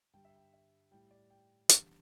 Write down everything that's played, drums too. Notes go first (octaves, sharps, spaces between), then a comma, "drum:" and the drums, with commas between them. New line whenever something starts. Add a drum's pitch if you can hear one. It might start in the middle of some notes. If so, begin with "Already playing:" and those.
G2 D3 G3 G5
E5
G5
E5
A2 G3 G5
D5
G5
E2 D3 G3, drum: hi-hat